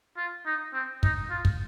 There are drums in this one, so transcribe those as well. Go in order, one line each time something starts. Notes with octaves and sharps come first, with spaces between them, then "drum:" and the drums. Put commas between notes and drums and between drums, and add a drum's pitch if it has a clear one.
F4
D#4
C4
D#4, drum: kick
F4
drum: kick